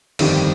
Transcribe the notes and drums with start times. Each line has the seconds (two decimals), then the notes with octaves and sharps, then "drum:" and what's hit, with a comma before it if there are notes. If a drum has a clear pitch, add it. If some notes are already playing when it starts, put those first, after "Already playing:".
0.19 G1 F2 D#3 G3, drum: cymbal